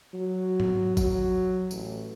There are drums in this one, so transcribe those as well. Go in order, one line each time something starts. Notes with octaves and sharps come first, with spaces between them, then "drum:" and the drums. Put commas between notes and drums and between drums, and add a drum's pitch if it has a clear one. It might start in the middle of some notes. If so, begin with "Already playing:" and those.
F#3
drum: tom G#2
F#3, drum: kick G#1, tambourine
A1, drum: tambourine